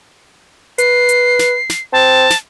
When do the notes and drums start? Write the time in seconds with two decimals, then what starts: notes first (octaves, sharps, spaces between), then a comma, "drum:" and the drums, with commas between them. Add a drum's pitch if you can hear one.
0.78 B4 C7, drum: hi-hat
1.09 drum: hi-hat
1.39 drum: snare
1.70 drum: snare
1.93 C4 A5
2.30 drum: snare